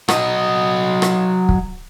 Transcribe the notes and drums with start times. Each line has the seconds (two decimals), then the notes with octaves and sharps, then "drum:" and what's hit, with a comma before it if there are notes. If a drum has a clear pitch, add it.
0.08 F#3 D#5, drum: rim click
1.02 drum: rim click
1.49 drum: kick